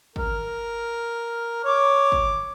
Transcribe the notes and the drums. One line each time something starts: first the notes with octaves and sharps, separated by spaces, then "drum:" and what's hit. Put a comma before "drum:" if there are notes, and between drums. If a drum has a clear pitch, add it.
A#4, drum: kick
C#5 D6
drum: kick